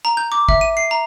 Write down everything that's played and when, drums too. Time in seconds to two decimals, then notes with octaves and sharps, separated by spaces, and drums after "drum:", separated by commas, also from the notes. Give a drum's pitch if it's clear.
0.05 A#5
0.17 G6
0.32 D6
0.49 E5, drum: kick
0.61 D#7
0.77 C7
0.91 A#5